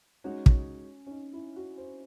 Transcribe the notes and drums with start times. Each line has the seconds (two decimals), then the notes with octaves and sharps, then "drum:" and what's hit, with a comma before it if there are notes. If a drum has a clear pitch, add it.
0.24 G#3 C#4 D#4 F#4 C#5
0.46 drum: kick
1.06 C#4
1.11 D#4
1.33 E4
1.56 F#4
1.78 C5